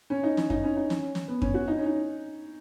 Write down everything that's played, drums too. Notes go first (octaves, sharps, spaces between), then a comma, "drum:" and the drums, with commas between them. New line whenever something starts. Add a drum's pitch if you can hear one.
C#4
D#4
C#4, drum: snare
D#4, drum: kick F2
C#4
D#4
C#4, drum: snare
drum: snare
B3
C#4, drum: kick F2
F#4
D#4
C#4
D#4